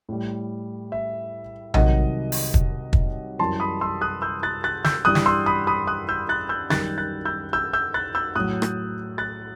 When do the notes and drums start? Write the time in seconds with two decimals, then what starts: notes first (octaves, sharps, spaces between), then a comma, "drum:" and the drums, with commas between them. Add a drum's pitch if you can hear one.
0.09 A2 G3
0.92 E5
1.74 C2 C3 D#3 F#3 D#5 F#5, drum: tom A#1
2.32 drum: open hi-hat
2.54 drum: kick
2.93 drum: kick
3.39 F#2 E3 G3 A5 C6
3.60 B5 D#6
3.81 C6 E6
4.01 D#6 F#6
4.22 E6 G6
4.43 F#6 A6
4.64 F#6 A6
4.85 E6 G6, drum: snare
5.05 G2 E3 G3 D#6 F#6
5.15 drum: snare
5.26 C6 E6
5.46 B5 D#6
5.67 B5 D#6
5.87 D#6 F#6
6.09 E6 G6
6.29 F#6 A6
6.49 E6 G6
6.70 F#2 D#3 G3 F#6 A6, drum: snare
6.98 F#6 A6
7.25 E6 G6
7.53 E6 G6
7.73 E6 G6
7.94 F#6 A6
8.15 E6 G6
8.35 A2 F#3 D#6 F#6
8.62 drum: rim click
9.18 F#6 A6